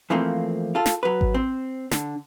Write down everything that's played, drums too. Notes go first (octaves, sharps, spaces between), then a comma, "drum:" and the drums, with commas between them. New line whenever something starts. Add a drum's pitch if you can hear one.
E3 F3 A3 A#3 C4
F4 A4
drum: snare
F#3 B4
drum: kick G#1
C4
D3, drum: snare